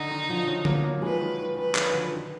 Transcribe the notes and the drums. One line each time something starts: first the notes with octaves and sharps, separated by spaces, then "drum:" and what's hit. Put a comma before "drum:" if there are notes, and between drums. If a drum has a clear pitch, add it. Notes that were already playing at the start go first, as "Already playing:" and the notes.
Already playing: D3 D#4
D#3
D3 F3
D#3 F#3
F#3 A#3, drum: tom D3
F#3 A#3
F3 G#3 B4
D#3 F#3
D#3
D#3 B4
D#3 F#3, drum: clap
D3 F3
D#3